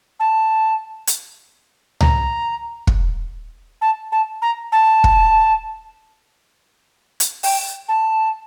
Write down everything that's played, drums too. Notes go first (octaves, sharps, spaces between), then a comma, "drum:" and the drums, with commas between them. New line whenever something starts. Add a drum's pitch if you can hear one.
A5
drum: hi-hat
A#5, drum: tom C#2
drum: kick
A5
A5
A#5
A5
drum: kick
drum: hi-hat
G5, drum: open hi-hat
A5